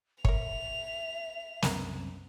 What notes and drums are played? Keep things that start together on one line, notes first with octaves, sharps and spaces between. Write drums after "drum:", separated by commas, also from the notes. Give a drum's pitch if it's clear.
A#4 C#5 E5 F7, drum: kick
C2 F#2 B3 C4 D4 A#4, drum: snare